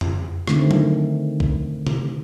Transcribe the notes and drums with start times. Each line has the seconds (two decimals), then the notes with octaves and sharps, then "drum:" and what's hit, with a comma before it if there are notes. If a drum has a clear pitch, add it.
0.01 drum: tom F2
0.47 D3 D#3 A3 C4, drum: rim click
0.71 drum: tom F#3
1.40 drum: kick B1
1.87 drum: tom C3